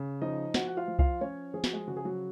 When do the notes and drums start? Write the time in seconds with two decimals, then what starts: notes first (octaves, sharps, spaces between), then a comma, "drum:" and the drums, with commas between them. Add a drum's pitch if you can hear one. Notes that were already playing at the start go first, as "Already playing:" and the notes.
Already playing: C#3
0.22 F3 D#4 D#5
0.54 F3 F#4 F#5, drum: snare
0.67 F#5
0.77 F4 F5
0.88 F3
0.99 F4 F5, drum: kick C2
1.21 F3 C#4 C#5
1.54 F3 G#4
1.64 F#4, drum: snare
1.73 G#3 G#4
1.87 C#3 F#4
1.97 G#4
2.05 F#3 F#4